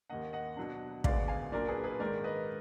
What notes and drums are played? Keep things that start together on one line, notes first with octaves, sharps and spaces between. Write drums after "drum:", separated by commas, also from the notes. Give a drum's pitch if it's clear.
D#2 D#3 A#3 D#5 F#5
D#5 F#5
B2 F#3 D4
D2 D3 G#3 B3 D5 F5, drum: kick
F5 G#5
A#2 F#3 D4 A#4 D5
G#4 B4
G#4 B4
G#2 D#3 G#3 A#4 D5
B4 D#5